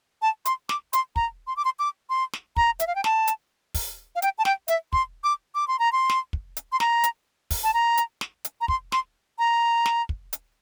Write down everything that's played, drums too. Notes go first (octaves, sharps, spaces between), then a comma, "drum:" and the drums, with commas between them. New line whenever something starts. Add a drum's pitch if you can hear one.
A5
C6, drum: hi-hat
D6, drum: snare
C6, drum: hi-hat
A#5, drum: kick
C6
D6
C6
D6
C6
drum: snare
A#5, drum: kick
E5, drum: hi-hat
F5
G5
A5, drum: snare
drum: hi-hat
drum: kick, open hi-hat
F5
G5, drum: hi-hat
A5
G5, drum: snare
E5, drum: hi-hat
C6, drum: kick
D6
D6
C6
A#5
C6
drum: snare
drum: kick
drum: hi-hat
C6
A#5, drum: snare
drum: hi-hat
drum: kick, open hi-hat
A5
A#5
drum: hi-hat
drum: snare
drum: hi-hat
A#5
C6, drum: kick
C6, drum: snare
A#5
drum: snare
drum: kick
drum: hi-hat